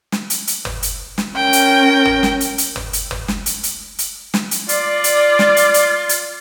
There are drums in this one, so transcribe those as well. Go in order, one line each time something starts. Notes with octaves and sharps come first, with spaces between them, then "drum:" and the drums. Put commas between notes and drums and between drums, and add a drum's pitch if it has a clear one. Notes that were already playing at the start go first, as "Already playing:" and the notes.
drum: snare
drum: hi-hat
drum: hi-hat
drum: tom
drum: hi-hat
drum: snare
C#4 A#4 G5
drum: hi-hat
drum: tom
drum: snare
drum: hi-hat
drum: hi-hat
drum: tom
drum: hi-hat
drum: tom
drum: snare
drum: hi-hat
drum: hi-hat
drum: hi-hat
drum: snare
drum: hi-hat
F4 D5, drum: hi-hat
drum: hi-hat
drum: snare
drum: hi-hat
drum: hi-hat
drum: hi-hat